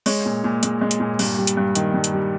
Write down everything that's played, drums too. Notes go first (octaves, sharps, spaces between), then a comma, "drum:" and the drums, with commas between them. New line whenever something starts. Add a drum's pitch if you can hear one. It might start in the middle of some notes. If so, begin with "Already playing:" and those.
G#3 C#5, drum: open hi-hat
A#2
A#2
G#3, drum: hi-hat
G#3
drum: hi-hat
A#2
G2, drum: open hi-hat
G3
drum: hi-hat
G2
D#3, drum: hi-hat
G2
drum: hi-hat
G3